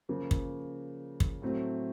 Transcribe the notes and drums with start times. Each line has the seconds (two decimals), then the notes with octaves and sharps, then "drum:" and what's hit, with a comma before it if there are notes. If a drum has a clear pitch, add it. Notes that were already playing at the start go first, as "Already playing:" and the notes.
0.09 C#3 F3 A#3
0.31 drum: kick
1.20 drum: kick
1.42 A2 F#3 A3 C4